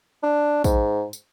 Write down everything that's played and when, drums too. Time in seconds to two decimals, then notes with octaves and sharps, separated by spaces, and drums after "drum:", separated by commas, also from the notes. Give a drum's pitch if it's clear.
0.23 D4
0.64 G#2, drum: kick, tambourine
1.13 drum: tambourine